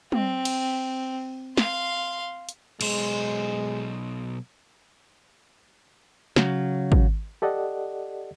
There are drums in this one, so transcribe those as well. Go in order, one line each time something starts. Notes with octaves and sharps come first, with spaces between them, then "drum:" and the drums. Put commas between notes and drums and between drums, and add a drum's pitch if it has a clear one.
C4, drum: tom
drum: cymbal
F5 C6, drum: snare
drum: hi-hat
B1 G#3 C5, drum: cymbal
C#3 F#3, drum: snare
drum: kick
G4 A4 D5 D#5 F#5